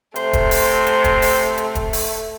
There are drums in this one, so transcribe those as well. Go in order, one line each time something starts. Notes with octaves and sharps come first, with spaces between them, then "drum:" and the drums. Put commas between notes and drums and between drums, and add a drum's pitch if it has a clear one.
C3 A3 C5, drum: hi-hat
drum: kick, hi-hat
drum: open hi-hat
drum: hi-hat
drum: kick, hi-hat
drum: open hi-hat
drum: hi-hat
drum: kick, hi-hat
drum: open hi-hat